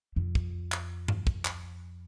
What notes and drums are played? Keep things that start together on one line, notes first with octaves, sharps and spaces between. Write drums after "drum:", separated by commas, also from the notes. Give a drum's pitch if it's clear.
F2
drum: kick
drum: clap
drum: tom G2
drum: kick
drum: clap